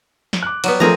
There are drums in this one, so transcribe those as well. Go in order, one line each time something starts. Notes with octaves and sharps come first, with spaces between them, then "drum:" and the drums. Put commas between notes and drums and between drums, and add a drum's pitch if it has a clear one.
drum: snare
D6 F#6
F#3 G3 B3, drum: cymbal
F3 A3 C4 G#4 A#4 A#5